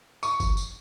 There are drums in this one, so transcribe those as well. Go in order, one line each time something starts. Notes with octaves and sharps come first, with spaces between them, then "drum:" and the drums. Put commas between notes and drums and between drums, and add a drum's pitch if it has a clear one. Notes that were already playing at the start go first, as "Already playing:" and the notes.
C#6, drum: tambourine
drum: kick G1, tambourine
drum: tambourine